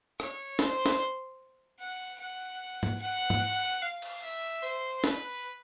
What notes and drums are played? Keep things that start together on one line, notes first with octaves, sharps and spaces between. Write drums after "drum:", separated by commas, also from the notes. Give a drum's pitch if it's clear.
C#5, drum: rim click
C5, drum: snare
drum: snare
F#5
F#5
drum: tom G#2
F#5
drum: tom G#2
F5
drum: cymbal
E5
C5
B4, drum: snare